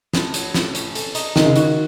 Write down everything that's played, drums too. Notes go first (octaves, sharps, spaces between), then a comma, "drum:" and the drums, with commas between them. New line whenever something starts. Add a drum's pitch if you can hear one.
A2, drum: snare
F#3, drum: hi-hat
A2, drum: snare
C#4, drum: hi-hat
A4, drum: hi-hat
D#4, drum: hi-hat
D#3 G#3, drum: snare
C#3
D#3 F#4, drum: hi-hat